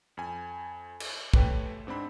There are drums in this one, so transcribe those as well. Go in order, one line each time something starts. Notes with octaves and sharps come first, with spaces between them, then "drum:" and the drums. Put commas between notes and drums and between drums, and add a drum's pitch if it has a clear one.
F2 G#5
drum: cymbal
A3 G4 B4 C#5 G5, drum: kick
G#2 C4 D4 B5